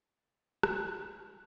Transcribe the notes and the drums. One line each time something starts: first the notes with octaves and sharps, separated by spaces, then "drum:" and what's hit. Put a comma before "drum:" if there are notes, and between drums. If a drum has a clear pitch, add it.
B2 G#3 C4 A6
F6 C7 E7, drum: rim click
C#2 C3 D6 D#7 F7
C2 A#2 G6 G#6 C7
F#2 D#6 G#6 F7